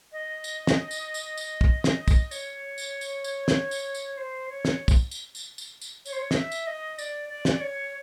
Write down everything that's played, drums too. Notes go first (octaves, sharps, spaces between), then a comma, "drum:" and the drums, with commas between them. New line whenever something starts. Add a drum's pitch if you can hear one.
D#5
drum: tambourine
drum: snare
drum: tambourine
drum: tambourine
drum: tambourine
drum: kick
drum: snare
drum: kick, tambourine
C#5, drum: tambourine
drum: tambourine
drum: tambourine
drum: tambourine
drum: snare
drum: tambourine
drum: tambourine
C5
C#5
drum: snare
drum: kick, tambourine
drum: tambourine
drum: tambourine
drum: tambourine
drum: tambourine
C#5, drum: tambourine
C5
C#5
D#5, drum: snare
E5
drum: tambourine
D#5
D5, drum: tambourine
D5
drum: snare
C#5